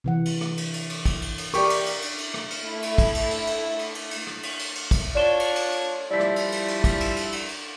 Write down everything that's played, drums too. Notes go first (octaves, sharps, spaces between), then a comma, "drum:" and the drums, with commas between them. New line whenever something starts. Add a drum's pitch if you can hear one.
C3 E3 F#5
drum: cymbal
drum: rim click
drum: cymbal
drum: cymbal
drum: cymbal
drum: kick, cymbal
drum: cymbal
drum: cymbal
G4 A#4 D5 C#6, drum: cymbal
drum: cymbal
drum: cymbal
drum: cymbal
drum: cymbal
drum: rim click
drum: cymbal
A3 E4
drum: cymbal
drum: kick, cymbal
drum: cymbal
drum: cymbal
drum: cymbal
drum: cymbal
drum: cymbal
drum: cymbal
drum: rim click
drum: cymbal
drum: cymbal
drum: cymbal
drum: kick, cymbal
D4 F4 C#5 D5 E7 G7
drum: cymbal
drum: cymbal
drum: cymbal
F3 G3 E4 D5 B6
drum: rim click
drum: cymbal
drum: cymbal
drum: cymbal
drum: kick, cymbal
drum: cymbal
drum: cymbal
drum: cymbal
drum: cymbal